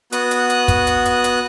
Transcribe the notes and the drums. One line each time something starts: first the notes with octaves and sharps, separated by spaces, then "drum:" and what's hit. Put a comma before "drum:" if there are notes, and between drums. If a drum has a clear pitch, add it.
B3 F#4 D#6 F#6, drum: hi-hat
drum: hi-hat
drum: hi-hat
drum: kick, hi-hat
drum: hi-hat
drum: hi-hat
drum: hi-hat